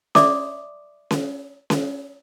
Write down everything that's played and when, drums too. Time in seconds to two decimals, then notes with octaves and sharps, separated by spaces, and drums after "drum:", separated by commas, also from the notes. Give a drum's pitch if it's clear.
0.15 D5 E5 C6 D6 D#6, drum: snare C#4
1.11 drum: snare C#4
1.70 drum: snare C#4